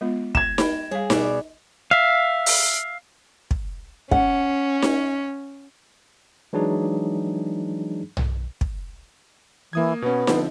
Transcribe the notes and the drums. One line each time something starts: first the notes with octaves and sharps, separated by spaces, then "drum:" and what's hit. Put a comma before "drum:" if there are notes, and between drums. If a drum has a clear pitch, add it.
G#3 B3 F4
G#6 E7, drum: kick
G5 B5, drum: snare D#4
G3 G#4 F5
B2 D5 E5, drum: snare D#4
E5 F5
drum: open hi-hat
drum: kick
C#4 F#5, drum: kick
drum: snare D#4
E3 F#3 G#3 D4 D#4 G#4
drum: tom B1
drum: kick
E3 A#3 D#6 G#6
B2 B3 C#4
D3 F3 C4, drum: snare D#4